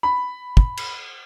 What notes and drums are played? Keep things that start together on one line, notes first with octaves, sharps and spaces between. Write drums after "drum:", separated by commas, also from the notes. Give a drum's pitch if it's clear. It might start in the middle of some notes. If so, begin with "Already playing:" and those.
B5
drum: kick
drum: cymbal